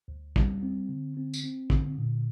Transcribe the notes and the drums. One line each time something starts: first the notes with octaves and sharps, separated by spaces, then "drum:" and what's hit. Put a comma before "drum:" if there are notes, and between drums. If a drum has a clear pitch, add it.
D2
G3, drum: kick
C4
D3
C4
drum: tambourine
C4
D3, drum: kick
A#2